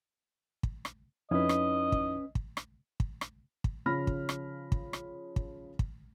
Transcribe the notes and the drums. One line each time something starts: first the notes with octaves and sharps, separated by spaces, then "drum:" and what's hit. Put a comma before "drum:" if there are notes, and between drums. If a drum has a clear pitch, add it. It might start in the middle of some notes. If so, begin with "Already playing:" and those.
drum: kick
drum: rim click
F2 C#4 D#4 E4 B4 D#5
drum: rim click
drum: kick
drum: kick
drum: rim click
drum: kick
drum: rim click
drum: kick
C#3 F3 B5 F6 A#6
drum: kick
drum: rim click
drum: kick
drum: rim click
drum: kick
drum: kick